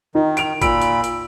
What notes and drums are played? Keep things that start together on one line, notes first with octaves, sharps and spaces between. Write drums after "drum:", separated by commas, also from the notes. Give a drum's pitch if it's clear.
D#3 D#4
D7 F7, drum: hi-hat
A#2 B5 E6 D7, drum: kick G#1, hi-hat
drum: hi-hat
drum: hi-hat